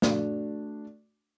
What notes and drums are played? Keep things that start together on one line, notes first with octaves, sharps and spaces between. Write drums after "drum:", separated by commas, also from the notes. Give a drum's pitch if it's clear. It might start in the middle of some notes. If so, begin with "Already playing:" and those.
A3 D4 F#4, drum: snare